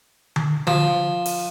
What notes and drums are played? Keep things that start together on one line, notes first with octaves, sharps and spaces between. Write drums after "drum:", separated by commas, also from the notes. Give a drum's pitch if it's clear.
drum: tom D3
F3, drum: tom D3
drum: open hi-hat